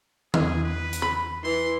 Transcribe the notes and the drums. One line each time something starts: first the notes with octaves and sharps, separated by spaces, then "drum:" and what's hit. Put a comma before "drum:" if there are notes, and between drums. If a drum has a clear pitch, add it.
E2 E4 G#4, drum: tom D#3
B4
drum: hi-hat
B5
E3 C6